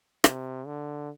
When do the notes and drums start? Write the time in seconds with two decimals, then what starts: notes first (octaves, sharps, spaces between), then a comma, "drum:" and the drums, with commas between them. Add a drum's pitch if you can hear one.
0.24 C3, drum: rim click
0.66 D3